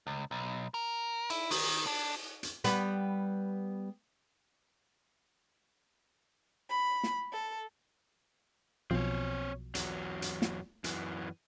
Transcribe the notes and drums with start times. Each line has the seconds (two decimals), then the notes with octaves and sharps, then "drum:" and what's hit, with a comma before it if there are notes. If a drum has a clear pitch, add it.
0.07 C#2
0.31 B1
0.74 A#4
1.30 E4, drum: cymbal
1.51 D#3, drum: open hi-hat
1.87 D4
2.43 drum: hi-hat
2.64 G3 B3 B4, drum: hi-hat
6.68 B5
7.03 drum: snare
7.32 A4
8.91 B1 B2 F3 C4 C#5
9.75 E2 F#3, drum: hi-hat
10.22 drum: hi-hat
10.42 drum: snare
10.84 F#2 E3, drum: hi-hat